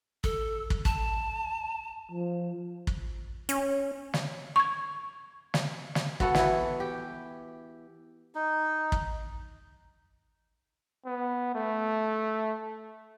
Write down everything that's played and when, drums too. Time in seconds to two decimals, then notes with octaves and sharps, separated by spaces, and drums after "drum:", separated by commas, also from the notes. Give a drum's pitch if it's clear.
0.24 A4, drum: kick
0.70 drum: kick
0.85 A5, drum: kick
2.12 F3
2.87 drum: kick
3.49 C#4, drum: hi-hat
4.14 drum: snare
4.56 C#6 G#6
5.54 drum: snare
5.95 drum: snare
6.20 B3 F#4 A4 F#5, drum: kick
6.35 E3 E4, drum: snare
6.80 G4
8.35 D#4
8.92 drum: kick
11.06 B3
11.55 A3